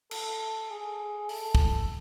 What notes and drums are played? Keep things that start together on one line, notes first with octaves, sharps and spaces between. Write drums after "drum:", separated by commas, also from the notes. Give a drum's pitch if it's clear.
A4, drum: cymbal
G#4
A4, drum: open hi-hat
drum: kick